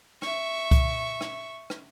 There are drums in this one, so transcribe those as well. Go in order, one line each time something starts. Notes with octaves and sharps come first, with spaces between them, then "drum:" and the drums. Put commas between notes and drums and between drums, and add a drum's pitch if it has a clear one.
E5 C#6, drum: rim click
drum: kick C2, hi-hat
drum: rim click
drum: rim click